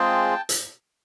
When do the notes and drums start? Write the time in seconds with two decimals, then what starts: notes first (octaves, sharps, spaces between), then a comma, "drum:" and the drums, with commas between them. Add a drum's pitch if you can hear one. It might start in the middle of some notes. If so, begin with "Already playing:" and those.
Already playing: G#3 C4 F4 G#4 G5 A5
0.49 drum: hi-hat